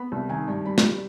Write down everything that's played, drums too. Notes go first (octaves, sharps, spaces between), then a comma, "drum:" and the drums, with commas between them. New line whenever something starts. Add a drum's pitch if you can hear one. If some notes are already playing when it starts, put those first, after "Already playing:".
Already playing: B3 B5
C2
D#3 G#5
G2
G3 B5
drum: snare